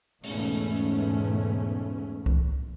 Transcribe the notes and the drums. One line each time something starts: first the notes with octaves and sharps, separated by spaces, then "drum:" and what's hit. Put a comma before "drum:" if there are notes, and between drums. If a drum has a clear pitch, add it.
E2 G#2 B2 A3 C#4, drum: open hi-hat
drum: kick C2